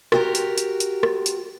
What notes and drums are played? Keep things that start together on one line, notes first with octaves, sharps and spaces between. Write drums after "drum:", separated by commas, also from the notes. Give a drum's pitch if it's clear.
F#4 G4 A#4, drum: rim click
drum: hi-hat
drum: hi-hat
drum: hi-hat
drum: rim click
drum: hi-hat